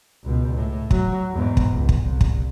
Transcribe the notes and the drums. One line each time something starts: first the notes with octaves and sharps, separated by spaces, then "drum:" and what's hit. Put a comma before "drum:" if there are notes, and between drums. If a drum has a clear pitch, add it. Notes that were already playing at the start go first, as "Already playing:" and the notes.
C#2 B2
A2
F#3, drum: kick
E2 G#2
drum: kick
C#2
drum: kick
C2
drum: kick